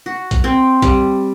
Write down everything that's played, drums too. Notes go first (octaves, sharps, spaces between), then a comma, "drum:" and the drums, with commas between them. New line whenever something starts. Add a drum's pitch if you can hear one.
F#4
drum: kick B1, hi-hat
C4
G3, drum: kick B1, hi-hat